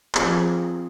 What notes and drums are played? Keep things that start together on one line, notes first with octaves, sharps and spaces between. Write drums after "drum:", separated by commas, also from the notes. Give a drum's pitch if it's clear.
F3 C4 F4 G#4, drum: clap